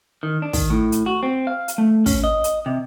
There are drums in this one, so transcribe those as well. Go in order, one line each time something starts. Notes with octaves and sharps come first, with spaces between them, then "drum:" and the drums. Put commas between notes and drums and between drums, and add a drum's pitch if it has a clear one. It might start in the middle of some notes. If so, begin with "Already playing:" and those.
D#3
D4
D#3, drum: kick, open hi-hat
A2
drum: hi-hat
F#4
C4
F5
drum: hi-hat
A3
C#4, drum: kick, open hi-hat
D#5
drum: hi-hat
C3